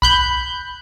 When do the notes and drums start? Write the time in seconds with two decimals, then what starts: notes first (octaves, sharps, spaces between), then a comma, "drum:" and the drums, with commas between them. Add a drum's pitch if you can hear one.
0.02 B5 F#6 G6, drum: kick B1